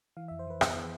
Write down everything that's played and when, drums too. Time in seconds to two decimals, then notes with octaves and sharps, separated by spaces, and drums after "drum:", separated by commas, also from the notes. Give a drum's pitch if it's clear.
0.17 E3 F5
0.28 F2 E5
0.39 C5
0.47 E3 B4
0.61 B3 G#4, drum: rim click
0.76 E3